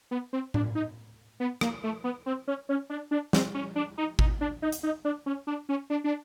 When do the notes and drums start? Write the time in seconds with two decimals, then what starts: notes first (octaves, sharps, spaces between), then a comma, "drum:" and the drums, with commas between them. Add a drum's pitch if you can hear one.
0.11 B3
0.33 C4
0.54 D4, drum: tom A2
0.75 D#4
1.40 B3
1.61 A#3, drum: rim click
1.84 A3
2.04 B3
2.26 C4
2.48 C#4
2.69 C#4
2.90 D4
3.11 D4
3.33 C4, drum: snare
3.54 C#4
3.76 D4
3.98 D#4
4.19 D#4, drum: kick G#1
4.41 D4
4.62 D#4
4.72 drum: hi-hat
4.83 D#4
5.05 D4
5.26 C#4
5.47 D4
5.69 C#4
5.90 D4
6.04 D4